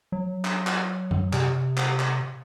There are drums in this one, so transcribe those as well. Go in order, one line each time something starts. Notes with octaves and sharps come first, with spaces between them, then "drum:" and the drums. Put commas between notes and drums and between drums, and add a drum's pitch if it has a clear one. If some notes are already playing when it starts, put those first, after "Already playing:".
F#3
drum: clap
drum: clap
drum: tom F#2
C3, drum: clap
drum: clap
drum: clap